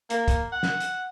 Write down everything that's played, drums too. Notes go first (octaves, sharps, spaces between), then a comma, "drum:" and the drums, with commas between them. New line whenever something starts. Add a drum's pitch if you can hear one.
A#3, drum: hi-hat
drum: kick, hi-hat
F#5
drum: snare
drum: hi-hat